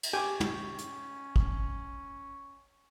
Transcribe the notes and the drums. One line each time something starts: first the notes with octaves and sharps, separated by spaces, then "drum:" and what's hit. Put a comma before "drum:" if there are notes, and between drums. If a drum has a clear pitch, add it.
drum: cymbal
C#4 G4 G5 G#5 D6
drum: tom
drum: hi-hat
drum: kick